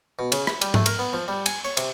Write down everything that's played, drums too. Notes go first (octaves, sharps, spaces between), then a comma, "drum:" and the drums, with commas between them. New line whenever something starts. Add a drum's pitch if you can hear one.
B2
C#3, drum: cymbal
B5, drum: rim click
G3, drum: cymbal
A3, drum: tom G#2
A#4, drum: cymbal
B3
F3
G3
G#5, drum: cymbal
C#5
C3, drum: cymbal